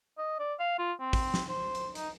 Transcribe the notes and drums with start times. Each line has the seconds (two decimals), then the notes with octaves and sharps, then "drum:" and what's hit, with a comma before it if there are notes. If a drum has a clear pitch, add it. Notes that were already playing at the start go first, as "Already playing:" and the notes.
0.18 D#5
0.39 D5
0.60 F5
0.78 F4
1.00 C4
1.13 drum: kick, open hi-hat
1.34 drum: snare
1.49 C5
1.75 drum: hi-hat
1.95 D#4, drum: hi-hat